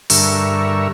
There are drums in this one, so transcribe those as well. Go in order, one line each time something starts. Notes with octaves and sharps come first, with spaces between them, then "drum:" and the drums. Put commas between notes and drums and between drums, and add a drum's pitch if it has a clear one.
G2 D3 A#4 E5 C#6, drum: open hi-hat